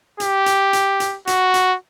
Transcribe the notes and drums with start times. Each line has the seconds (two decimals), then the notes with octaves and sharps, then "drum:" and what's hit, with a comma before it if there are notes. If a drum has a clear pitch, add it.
0.20 G4, drum: hi-hat
0.46 drum: hi-hat
0.73 drum: hi-hat
1.00 drum: hi-hat
1.27 F#4, drum: hi-hat
1.54 drum: hi-hat